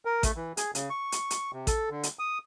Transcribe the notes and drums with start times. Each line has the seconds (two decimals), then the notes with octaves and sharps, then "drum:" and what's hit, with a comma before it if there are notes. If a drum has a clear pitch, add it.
0.05 A#4
0.23 A3, drum: kick A1, hi-hat
0.36 E3
0.57 G#4, drum: hi-hat
0.75 C#3, drum: hi-hat
0.90 C#6
1.12 drum: hi-hat
1.30 drum: hi-hat
1.53 C3
1.67 A4, drum: kick A1, hi-hat
1.90 D3
2.03 drum: hi-hat
2.19 D#6